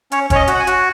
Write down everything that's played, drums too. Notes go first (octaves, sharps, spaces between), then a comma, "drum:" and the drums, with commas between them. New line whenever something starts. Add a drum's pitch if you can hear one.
C#4 C#5, drum: hi-hat
C#4 C#5, drum: kick, hi-hat
D#5
F#4, drum: hi-hat
F#5
G#5
F#4, drum: hi-hat